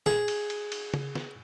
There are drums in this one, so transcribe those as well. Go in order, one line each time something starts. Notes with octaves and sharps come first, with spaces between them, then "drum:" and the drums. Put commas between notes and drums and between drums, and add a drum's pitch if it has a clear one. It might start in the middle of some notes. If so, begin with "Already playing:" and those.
G#4, drum: snare
drum: cymbal
drum: cymbal
drum: cymbal
drum: tom C#3
drum: snare